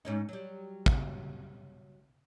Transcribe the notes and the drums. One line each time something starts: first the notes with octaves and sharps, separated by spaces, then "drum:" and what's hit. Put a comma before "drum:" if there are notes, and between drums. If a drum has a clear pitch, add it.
G#2 C#4 D#4
F#3 G3
drum: kick